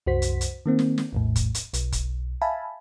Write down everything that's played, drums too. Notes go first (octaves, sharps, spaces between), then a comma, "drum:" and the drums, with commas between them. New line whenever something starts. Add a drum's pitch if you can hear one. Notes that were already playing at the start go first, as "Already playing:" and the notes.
C2 F#2 F#4 C5 B6
drum: hi-hat
drum: hi-hat
D#3 A#3 C4
drum: snare
drum: snare
A#1 E2 A2
drum: kick, hi-hat
drum: hi-hat
B1, drum: hi-hat
drum: kick, hi-hat
E5 F5 G#5 A5 B5